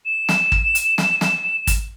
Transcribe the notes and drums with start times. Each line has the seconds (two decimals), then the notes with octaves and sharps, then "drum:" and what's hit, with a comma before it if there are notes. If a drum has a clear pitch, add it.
0.06 E7
0.29 drum: snare
0.52 drum: kick
0.75 drum: hi-hat
0.98 drum: snare
1.21 drum: snare
1.67 drum: kick, hi-hat